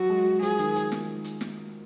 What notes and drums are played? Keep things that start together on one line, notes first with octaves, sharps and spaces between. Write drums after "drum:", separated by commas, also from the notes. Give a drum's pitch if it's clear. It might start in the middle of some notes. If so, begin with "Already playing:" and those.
Already playing: F#3 F#4
G#3
F3 G#4, drum: hi-hat
D#3, drum: hi-hat
F3, drum: hi-hat
drum: snare
drum: hi-hat
drum: snare